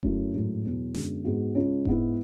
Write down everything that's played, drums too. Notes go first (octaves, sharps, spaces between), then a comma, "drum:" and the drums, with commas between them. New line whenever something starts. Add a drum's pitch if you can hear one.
F#2 C#3 F#3 A3 E4, drum: kick E1
A1 G#2 F#3 A3
E2 B2 F#3
F#2 D3 G#3 B3, drum: snare
G#2 G#3 B3 F#4
C#2 C#3 G#3 C#4
G#2 G#3 B3 E4, drum: kick E1